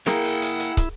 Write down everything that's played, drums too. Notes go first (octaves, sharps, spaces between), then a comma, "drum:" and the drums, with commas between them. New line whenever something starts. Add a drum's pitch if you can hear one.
A#3 E4 G#4 A#4 F#5 G5, drum: snare
drum: hi-hat
drum: hi-hat
drum: hi-hat
drum: kick, hi-hat